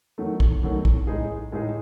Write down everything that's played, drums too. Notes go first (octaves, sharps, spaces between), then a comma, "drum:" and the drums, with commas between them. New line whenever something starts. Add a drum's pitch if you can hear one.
E2 D#3 F#3 A3
drum: kick
E2 D#3 F#3 A3
drum: kick
A2 G#3 D#4 G#4
A2 G#3 D#4 G#4